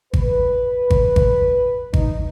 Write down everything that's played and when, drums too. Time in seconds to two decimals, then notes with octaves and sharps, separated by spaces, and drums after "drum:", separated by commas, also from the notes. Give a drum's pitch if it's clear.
0.14 B4, drum: kick G#1
0.90 drum: kick G#1
1.16 drum: kick G#1
1.94 D#4, drum: kick G#1